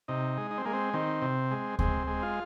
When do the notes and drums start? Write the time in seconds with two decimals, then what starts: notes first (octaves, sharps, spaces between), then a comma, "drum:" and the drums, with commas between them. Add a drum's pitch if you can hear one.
0.08 C3 D#4
0.37 G#3
0.51 D#4
0.58 C4
0.65 G#3 A#3
0.73 C4
0.94 D#3 C4
1.22 C3
1.51 G#3
1.79 G#3 C4, drum: kick D2
2.07 G#3
2.23 F4